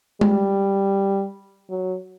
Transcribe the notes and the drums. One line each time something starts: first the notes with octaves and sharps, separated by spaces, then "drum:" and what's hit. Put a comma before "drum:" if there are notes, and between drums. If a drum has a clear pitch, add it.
G3, drum: tom G#3
F#3